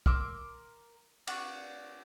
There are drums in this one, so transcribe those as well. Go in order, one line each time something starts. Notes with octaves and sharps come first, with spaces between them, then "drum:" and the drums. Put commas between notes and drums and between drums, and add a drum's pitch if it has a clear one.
A#4 C6 D6 E6, drum: kick
D4 F#5 C#6 F#6, drum: cymbal